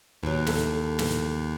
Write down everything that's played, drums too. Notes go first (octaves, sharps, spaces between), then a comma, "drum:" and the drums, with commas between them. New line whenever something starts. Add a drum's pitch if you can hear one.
D#2 B2 F#3
E4 A4, drum: snare
drum: snare